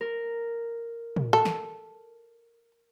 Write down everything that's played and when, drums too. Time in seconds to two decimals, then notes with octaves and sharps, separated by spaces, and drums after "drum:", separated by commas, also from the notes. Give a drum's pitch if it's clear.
0.01 A#4
1.16 drum: tom
1.33 A4
1.45 drum: snare